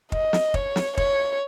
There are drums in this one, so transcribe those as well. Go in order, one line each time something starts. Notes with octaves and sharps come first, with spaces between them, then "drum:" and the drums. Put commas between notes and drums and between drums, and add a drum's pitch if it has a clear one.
D#5, drum: kick
drum: snare
C#5, drum: kick
drum: snare
C#5, drum: kick